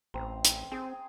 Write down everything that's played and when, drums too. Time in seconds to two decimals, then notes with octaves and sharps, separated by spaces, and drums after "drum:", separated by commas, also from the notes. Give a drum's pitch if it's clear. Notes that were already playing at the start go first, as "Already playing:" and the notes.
0.14 A1 C4 C5 A#5
0.45 drum: hi-hat
0.72 C4 G#4